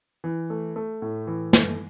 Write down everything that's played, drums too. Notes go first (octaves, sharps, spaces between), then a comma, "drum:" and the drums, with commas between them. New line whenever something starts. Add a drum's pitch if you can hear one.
E3
A3
A3
A2
E3
A3, drum: snare